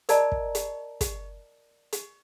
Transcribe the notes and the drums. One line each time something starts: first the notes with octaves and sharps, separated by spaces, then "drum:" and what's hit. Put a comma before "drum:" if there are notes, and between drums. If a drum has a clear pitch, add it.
A#4 D5 D#5 A5 A#5, drum: hi-hat
drum: kick
drum: hi-hat
drum: kick, hi-hat
drum: hi-hat